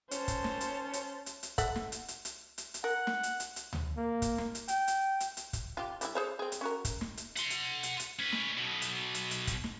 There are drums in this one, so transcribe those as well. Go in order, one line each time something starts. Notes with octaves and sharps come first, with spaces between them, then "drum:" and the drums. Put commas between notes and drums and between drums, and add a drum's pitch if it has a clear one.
C#4 C5 A5, drum: hi-hat
drum: kick, hi-hat
drum: snare
drum: hi-hat
drum: hi-hat
drum: hi-hat
drum: hi-hat
A4 E5 F#5, drum: kick, hi-hat
drum: snare
drum: hi-hat
drum: hi-hat
drum: hi-hat
drum: hi-hat
drum: hi-hat
A#4 F#5
drum: snare
drum: hi-hat
drum: hi-hat
drum: hi-hat
drum: tom D2
A#3
drum: kick, hi-hat
drum: snare
drum: hi-hat
G5, drum: hi-hat
drum: hi-hat
drum: hi-hat
drum: hi-hat
drum: kick, hi-hat
F4 G4
G3 C#4 E4, drum: hi-hat
G#4 C5 C#5
C4 G#4
drum: hi-hat
C#4 F#4 A#4
drum: kick, hi-hat
drum: snare
drum: hi-hat
F#5 C6, drum: hi-hat
drum: hi-hat
drum: hi-hat
drum: hi-hat
C#4 B4
drum: snare
B1 B2
drum: hi-hat
drum: hi-hat
drum: hi-hat
drum: kick, hi-hat
drum: snare